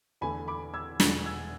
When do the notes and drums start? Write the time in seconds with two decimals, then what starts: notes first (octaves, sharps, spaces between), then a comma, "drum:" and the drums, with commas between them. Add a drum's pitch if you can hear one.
0.21 E2 D3 A3 G#5 B5
0.48 B5 D6
0.74 E6 G#6
1.00 E1 E2 D3 G#3 B3 F#6 A6, drum: snare
1.26 E6 G#6